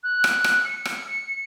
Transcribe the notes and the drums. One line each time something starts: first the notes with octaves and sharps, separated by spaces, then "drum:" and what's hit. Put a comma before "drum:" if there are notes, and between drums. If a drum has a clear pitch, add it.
F#6
drum: rim click
drum: rim click
C#7
drum: rim click